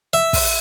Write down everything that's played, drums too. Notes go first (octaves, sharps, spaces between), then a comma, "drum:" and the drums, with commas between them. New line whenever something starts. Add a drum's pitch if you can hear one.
E5
drum: kick, open hi-hat